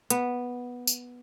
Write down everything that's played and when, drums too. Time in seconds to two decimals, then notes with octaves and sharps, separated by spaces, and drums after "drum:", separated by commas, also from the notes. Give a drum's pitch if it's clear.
0.10 B3, drum: hi-hat
0.87 drum: tambourine